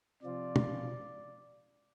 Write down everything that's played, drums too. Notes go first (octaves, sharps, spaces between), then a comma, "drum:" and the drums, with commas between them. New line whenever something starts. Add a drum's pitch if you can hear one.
C3 F3 C4 F4 D5
drum: tom